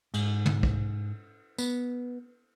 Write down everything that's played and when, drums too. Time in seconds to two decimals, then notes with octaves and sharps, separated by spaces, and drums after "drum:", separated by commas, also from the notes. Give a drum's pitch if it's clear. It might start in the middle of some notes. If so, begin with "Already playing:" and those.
0.14 G#2, drum: cymbal
0.46 drum: tom
0.63 drum: kick
1.58 B3, drum: tambourine